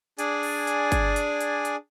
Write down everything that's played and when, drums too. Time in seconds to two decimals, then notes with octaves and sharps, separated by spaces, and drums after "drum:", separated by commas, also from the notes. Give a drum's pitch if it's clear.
0.19 D4 G#4 D5 G#5, drum: hi-hat
0.43 drum: open hi-hat
0.67 drum: hi-hat
0.92 drum: kick G1, hi-hat
1.16 drum: hi-hat
1.41 drum: hi-hat
1.65 drum: hi-hat